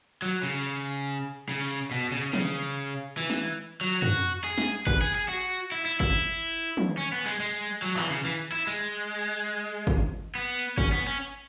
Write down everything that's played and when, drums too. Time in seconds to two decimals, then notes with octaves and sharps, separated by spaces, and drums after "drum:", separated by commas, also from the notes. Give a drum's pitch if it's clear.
0.22 F#3
0.43 C#3
0.69 drum: open hi-hat
1.49 C#3
1.71 drum: cymbal
1.91 B2
2.12 C#3, drum: hi-hat
2.33 C#3, drum: tom
3.17 E3
3.30 drum: snare
3.81 F#3
4.02 F#4, drum: tom
4.44 G#4
4.58 drum: snare
4.87 B4, drum: kick G#1
5.01 G#4
5.15 G#4
5.29 F#4
5.72 E4
5.85 E4
6.00 E4, drum: kick G#1
6.77 drum: tom
6.98 C#4
7.12 B3
7.26 G#3
7.40 G#3
7.82 F#3
7.97 E3, drum: clap
8.10 C#3
8.25 E3
8.52 E4
8.67 G#3
9.87 drum: kick G#1
10.35 B3
10.59 drum: cymbal
10.78 C#4, drum: kick G#1
10.93 B3
11.07 C#4